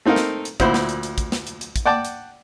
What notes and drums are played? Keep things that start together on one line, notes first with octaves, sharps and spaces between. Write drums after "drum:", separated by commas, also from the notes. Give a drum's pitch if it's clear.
A3 C4 D#4 A#4 F5
drum: snare
drum: hi-hat
D2 A#2 E4 C5 F#5 B5, drum: kick, hi-hat
drum: snare
drum: hi-hat
drum: hi-hat
drum: kick, hi-hat
drum: snare
drum: hi-hat
drum: hi-hat
drum: kick, hi-hat
D5 F#5 G5 A5 D6
drum: hi-hat